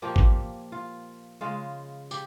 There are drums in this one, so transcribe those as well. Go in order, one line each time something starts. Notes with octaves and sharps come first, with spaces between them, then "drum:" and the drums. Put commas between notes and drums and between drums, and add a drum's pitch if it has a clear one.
A#2 F3 A#3 G4
drum: kick
F4
C#3 G#3 F4
G4, drum: tambourine